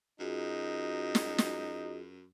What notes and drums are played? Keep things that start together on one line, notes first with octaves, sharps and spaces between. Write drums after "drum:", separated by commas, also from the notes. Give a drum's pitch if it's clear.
F#2 D#4 F4 F#4 G#4
drum: snare
drum: snare